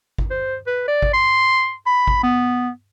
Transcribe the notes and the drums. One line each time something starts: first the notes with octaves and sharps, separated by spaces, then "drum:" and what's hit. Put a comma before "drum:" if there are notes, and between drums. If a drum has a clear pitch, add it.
drum: kick G#1
C5
B4
D5
drum: kick G#1
C6
B5
drum: kick G#1
B3